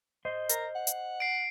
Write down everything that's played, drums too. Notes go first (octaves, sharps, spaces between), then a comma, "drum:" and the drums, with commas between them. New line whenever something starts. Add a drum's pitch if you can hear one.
C5 D#5
A#4, drum: hi-hat
F#5
drum: hi-hat
C7 D7